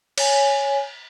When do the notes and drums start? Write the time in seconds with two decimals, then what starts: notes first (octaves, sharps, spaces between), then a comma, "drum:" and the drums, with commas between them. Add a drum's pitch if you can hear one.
0.18 C#5 G#5, drum: cymbal